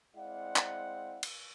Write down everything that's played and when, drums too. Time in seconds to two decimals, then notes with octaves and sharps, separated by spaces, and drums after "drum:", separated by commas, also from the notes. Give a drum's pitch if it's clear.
0.16 G#3 C4 E4 D5 F5 F#5
0.56 drum: clap
1.23 drum: cymbal